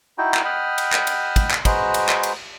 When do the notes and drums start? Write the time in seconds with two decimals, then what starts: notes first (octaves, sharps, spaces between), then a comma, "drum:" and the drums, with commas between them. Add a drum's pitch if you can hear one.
0.18 D#4 E4 F#4 G5
0.34 drum: clap
0.44 D#5 F#5 G5 B5 D#6 F6
0.78 drum: cymbal
0.92 drum: clap
1.07 drum: cymbal
1.36 drum: kick, cymbal
1.51 drum: clap
1.65 G#3 F#4 B4 C5 D#5 A#5, drum: kick, cymbal
1.94 drum: cymbal
2.09 drum: clap
2.23 drum: cymbal